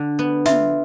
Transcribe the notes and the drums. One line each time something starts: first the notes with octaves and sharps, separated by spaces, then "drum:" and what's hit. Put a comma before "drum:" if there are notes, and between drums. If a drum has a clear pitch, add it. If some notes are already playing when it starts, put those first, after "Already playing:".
Already playing: D3
B3
F4 E5, drum: snare